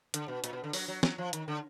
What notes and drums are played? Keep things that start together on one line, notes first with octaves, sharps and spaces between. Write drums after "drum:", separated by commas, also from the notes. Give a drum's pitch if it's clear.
D3, drum: hi-hat
B2
A#2, drum: hi-hat
B2
D3
F#3, drum: open hi-hat
F#3
F#3, drum: snare
F3
D#3, drum: hi-hat
D3